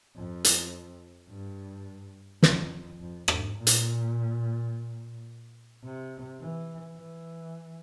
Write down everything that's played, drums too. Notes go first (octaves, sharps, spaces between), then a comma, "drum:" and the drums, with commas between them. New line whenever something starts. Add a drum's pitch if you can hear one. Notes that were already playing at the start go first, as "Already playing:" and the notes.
F2
drum: hi-hat
G2
F2, drum: snare
F2
G#2, drum: rim click
A#2
drum: hi-hat
C3
E3
E3